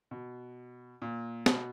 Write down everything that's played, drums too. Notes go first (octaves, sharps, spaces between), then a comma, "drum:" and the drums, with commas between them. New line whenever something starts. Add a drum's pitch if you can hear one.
B2
A#2
B2, drum: snare